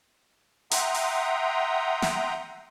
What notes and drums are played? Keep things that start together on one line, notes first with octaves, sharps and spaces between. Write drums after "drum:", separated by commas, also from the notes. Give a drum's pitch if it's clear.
E5 F#5 G5 A#5 C6 D#6, drum: hi-hat
drum: open hi-hat
drum: snare